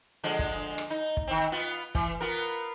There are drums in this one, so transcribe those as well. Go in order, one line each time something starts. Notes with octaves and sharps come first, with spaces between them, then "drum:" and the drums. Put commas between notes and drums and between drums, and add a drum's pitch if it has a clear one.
D3 F3 G#3
drum: kick
drum: rim click
D#4
drum: kick
D#3 C4
B3 F4
E3, drum: kick
B3 F4 A#4